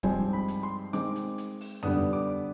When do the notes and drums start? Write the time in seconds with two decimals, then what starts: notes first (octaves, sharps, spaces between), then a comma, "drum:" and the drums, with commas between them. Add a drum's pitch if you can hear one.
0.03 G2 F3 G#3 C4 D#4 G#5, drum: kick
0.33 B5
0.48 drum: hi-hat
0.63 C6
0.93 D#3 G#3 C4 D6, drum: hi-hat
1.16 drum: hi-hat
1.38 drum: hi-hat
1.61 drum: open hi-hat
1.83 D3 G3 B3 D4 D#6, drum: tom F2
2.13 D6